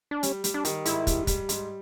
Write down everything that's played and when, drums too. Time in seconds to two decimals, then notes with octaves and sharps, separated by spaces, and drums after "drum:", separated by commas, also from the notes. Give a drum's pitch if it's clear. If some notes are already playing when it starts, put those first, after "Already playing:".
0.11 D4
0.23 G3 C#4, drum: hi-hat
0.44 G3, drum: hi-hat
0.54 D4
0.65 D#3, drum: hi-hat
0.85 G#2 E4, drum: hi-hat
1.07 G3, drum: kick, hi-hat
1.27 G3, drum: kick, hi-hat
1.49 G#2, drum: hi-hat